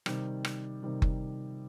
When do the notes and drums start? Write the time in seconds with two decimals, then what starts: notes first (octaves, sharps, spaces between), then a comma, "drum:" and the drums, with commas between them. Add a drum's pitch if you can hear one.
0.06 C3 D#3 G3, drum: rim click
0.45 drum: rim click
0.83 C3 D#3 G3
1.02 drum: kick F#1